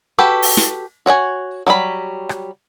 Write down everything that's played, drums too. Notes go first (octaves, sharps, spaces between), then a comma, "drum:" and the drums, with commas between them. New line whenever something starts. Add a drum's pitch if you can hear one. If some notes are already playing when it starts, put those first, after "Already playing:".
F#4 G4 A4 B4
drum: open hi-hat
drum: snare
F#4 C#5 F#5 G#5
F#3 G3 A4 B5
drum: rim click